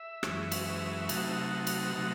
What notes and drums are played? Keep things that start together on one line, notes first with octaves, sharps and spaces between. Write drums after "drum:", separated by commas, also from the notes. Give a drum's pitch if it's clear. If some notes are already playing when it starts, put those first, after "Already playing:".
Already playing: E5
F#2 E3 G#3 C#4, drum: rim click
drum: cymbal
C3 F#3 A3 D#4 F#5, drum: cymbal
E5
F#5
drum: cymbal
C3 F#3 A3 D#4